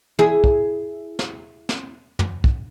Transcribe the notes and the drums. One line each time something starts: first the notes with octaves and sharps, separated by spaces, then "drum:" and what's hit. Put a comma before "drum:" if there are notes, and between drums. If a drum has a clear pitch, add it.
E4 G#4, drum: tom
drum: kick
drum: snare
drum: snare
drum: tom
drum: kick